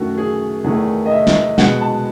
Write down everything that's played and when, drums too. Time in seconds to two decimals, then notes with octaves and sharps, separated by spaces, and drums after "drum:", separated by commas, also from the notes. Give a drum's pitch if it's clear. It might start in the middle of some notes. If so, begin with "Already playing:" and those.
Already playing: F#2 D#3 A3 F#4
0.18 G#4
0.64 E2 D#3 A3 G#4
1.06 D#5
1.11 E5
1.27 drum: snare
1.58 B2 G#3 B3 F#5, drum: snare
1.81 A5